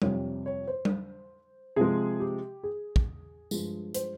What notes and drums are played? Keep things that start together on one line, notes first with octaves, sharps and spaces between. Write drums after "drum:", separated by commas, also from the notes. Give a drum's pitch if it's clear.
F2 C3 G3 C#5, drum: tom G3
C#5
C5
drum: tom G3
C3 F3 G#3 G#4
G4
G#4
drum: kick
G2 F3 G#3, drum: tambourine
C5, drum: hi-hat